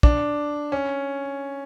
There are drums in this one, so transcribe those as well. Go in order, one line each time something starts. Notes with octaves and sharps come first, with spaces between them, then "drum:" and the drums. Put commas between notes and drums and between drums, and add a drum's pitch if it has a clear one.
D4, drum: kick
C#4